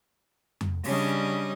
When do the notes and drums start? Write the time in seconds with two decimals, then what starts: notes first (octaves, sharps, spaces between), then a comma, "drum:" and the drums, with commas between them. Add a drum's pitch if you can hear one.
0.61 drum: tom F2
0.84 C#3 G3 C#4 D4 D#5, drum: open hi-hat